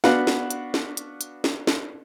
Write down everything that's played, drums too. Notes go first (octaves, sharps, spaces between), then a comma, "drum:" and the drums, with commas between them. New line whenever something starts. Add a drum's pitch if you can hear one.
B3 D4 F#4 B4 F5 F#5, drum: snare
drum: snare
drum: hi-hat
drum: snare
drum: hi-hat
drum: hi-hat
drum: snare
drum: snare